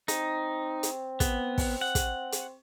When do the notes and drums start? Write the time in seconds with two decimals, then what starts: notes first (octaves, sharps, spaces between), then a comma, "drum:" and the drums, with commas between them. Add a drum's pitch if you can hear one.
0.08 C4 D#4, drum: hi-hat
0.83 drum: hi-hat
1.20 B3, drum: kick, hi-hat
1.58 drum: kick, open hi-hat
1.81 F#5
1.95 drum: kick, hi-hat
2.32 drum: hi-hat